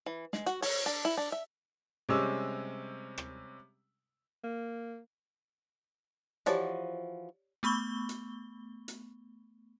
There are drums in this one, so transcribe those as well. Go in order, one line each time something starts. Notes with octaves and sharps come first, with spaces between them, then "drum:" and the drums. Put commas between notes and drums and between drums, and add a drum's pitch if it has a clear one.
E3
G#3, drum: snare
F#4, drum: hi-hat
C#5, drum: open hi-hat
D4
E4
D4
E5
C3 G3 G#3 C#4 E6
drum: rim click
A#3
E3 F3 F#4 G4 C#5 D5, drum: hi-hat
A3 B3 B5 C#6 G7
drum: hi-hat
drum: hi-hat